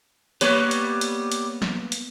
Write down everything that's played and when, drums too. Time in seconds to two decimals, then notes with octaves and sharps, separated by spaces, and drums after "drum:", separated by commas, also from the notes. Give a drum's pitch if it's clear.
0.41 G3 A#3 B3 B4 C#5, drum: hi-hat
0.71 drum: hi-hat
1.01 drum: hi-hat
1.32 drum: hi-hat
1.62 drum: snare
1.92 drum: hi-hat